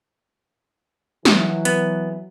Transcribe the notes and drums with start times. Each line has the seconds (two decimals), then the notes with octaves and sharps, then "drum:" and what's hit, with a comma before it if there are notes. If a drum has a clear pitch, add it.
1.25 E3 F#3, drum: snare
1.65 B3, drum: hi-hat